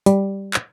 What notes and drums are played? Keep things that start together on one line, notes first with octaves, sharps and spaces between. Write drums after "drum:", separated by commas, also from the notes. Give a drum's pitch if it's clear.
G3, drum: hi-hat
drum: clap